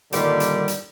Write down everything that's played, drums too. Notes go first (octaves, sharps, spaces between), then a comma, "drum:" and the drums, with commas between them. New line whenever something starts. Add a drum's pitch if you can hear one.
G2 A#2 D3 D#3 G3, drum: hi-hat
drum: hi-hat
drum: hi-hat